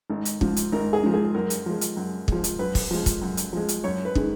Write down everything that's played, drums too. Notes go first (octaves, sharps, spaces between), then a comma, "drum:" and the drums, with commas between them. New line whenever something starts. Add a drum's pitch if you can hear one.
G#1
drum: hi-hat
G#2 F3, drum: kick
drum: hi-hat
G#1 A#4
G#4
G#2 F3
G#4
F#2 A#4
drum: hi-hat
F3 G#3
drum: hi-hat
F#2
F3 G#3, drum: kick
drum: hi-hat
F#2 B4
drum: kick, open hi-hat
F3 G#3
drum: kick, hi-hat
F#2
drum: hi-hat
F3 G#3
drum: hi-hat
F#2 C#5
B4
D#3 G#3, drum: kick